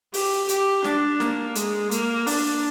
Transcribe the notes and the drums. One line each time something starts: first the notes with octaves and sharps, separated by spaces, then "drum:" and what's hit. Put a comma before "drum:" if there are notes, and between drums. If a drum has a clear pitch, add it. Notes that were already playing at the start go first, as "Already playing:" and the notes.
G4, drum: open hi-hat
G4, drum: hi-hat
D4, drum: snare
A#3, drum: snare
G#3, drum: hi-hat
A#3, drum: hi-hat
D4, drum: open hi-hat